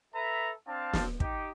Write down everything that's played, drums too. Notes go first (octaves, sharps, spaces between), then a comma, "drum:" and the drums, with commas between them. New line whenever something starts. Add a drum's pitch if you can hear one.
A4 B4 E5 A#5
C4 D4 F5 A5
drum: snare
D#4 G4, drum: kick